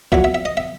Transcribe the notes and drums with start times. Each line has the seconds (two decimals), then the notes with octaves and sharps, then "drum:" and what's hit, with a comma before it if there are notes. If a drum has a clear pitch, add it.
0.12 A#2 F#3 E5, drum: kick B1
0.24 E5
0.34 E5
0.45 D#5
0.57 E5